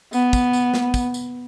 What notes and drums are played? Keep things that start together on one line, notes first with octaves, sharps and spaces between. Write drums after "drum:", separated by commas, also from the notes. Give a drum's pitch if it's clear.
B3, drum: tambourine
drum: kick, tambourine
drum: tambourine
drum: snare
drum: kick, tambourine
drum: tambourine